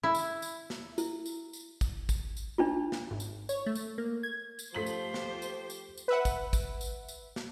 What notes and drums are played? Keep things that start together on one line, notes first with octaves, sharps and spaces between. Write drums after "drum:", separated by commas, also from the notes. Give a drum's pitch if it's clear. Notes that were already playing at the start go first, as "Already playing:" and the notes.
E4
drum: tambourine
drum: tambourine
drum: snare
E4, drum: tambourine
drum: tambourine
drum: tambourine
drum: kick G#1, tambourine
drum: kick G#1, tambourine
drum: tambourine
D4 D#4 F4
drum: snare
G#1
drum: tambourine
C#5, drum: tambourine
A3
drum: tambourine
A#3
G#6
drum: tambourine
F3 A3 F4 G4 C5 B6 F#7
drum: tambourine
drum: snare
drum: tambourine
drum: tambourine
drum: tambourine
B4 E5 F#5
drum: kick G#1, tambourine
drum: kick G#1, tambourine
drum: tambourine
drum: tambourine
drum: snare